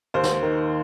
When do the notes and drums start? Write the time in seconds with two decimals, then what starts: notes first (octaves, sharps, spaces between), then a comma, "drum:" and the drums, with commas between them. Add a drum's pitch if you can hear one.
0.14 D#2 C5
0.23 drum: snare
0.43 D#3